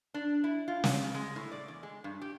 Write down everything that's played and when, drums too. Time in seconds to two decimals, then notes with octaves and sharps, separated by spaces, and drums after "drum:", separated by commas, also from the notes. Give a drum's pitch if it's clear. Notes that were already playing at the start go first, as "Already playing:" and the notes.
0.14 D4
0.44 E4
0.68 F4
0.84 drum: snare
1.03 C#3
1.14 G#3
1.36 A2
1.52 D5
1.68 E2
1.83 G#3
2.04 G2
2.22 G4